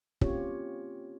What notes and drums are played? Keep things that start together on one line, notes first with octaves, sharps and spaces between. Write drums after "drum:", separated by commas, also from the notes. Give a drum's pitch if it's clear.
A#3 C4 C#4 F4 G4 C#5, drum: kick